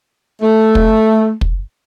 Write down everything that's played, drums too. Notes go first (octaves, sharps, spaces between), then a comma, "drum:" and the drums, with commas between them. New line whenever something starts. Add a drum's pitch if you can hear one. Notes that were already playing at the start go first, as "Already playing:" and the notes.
A3
drum: kick
drum: kick